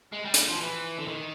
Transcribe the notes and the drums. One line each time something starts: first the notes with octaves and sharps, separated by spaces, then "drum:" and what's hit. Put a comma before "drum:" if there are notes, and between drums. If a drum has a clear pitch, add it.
G#3
G3
drum: hi-hat
F3
E3
D3
D#3